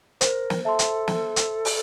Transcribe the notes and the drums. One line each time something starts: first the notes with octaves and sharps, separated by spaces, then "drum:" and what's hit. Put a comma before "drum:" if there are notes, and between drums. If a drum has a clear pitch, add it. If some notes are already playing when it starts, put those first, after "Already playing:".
A#4 C5, drum: hi-hat
drum: snare
A4 E5 A5 C6
drum: hi-hat
drum: snare
drum: hi-hat
drum: open hi-hat